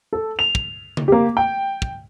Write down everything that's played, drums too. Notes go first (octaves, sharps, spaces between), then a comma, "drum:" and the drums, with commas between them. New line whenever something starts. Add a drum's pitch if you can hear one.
A4
F7
drum: kick
drum: tom C#3
A#3 G4
G5
drum: kick